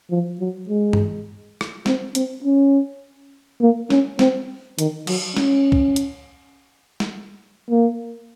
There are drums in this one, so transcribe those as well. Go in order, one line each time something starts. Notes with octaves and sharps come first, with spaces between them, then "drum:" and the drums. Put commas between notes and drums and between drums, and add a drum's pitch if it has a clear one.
F3
F#3
G#3
drum: tom G2
drum: rim click
C4, drum: snare
C4, drum: hi-hat
C#4
A#3
C#4, drum: snare
C4, drum: snare
D#3, drum: hi-hat
F#3, drum: cymbal
C#4, drum: snare
drum: kick B1
drum: hi-hat
drum: snare
A#3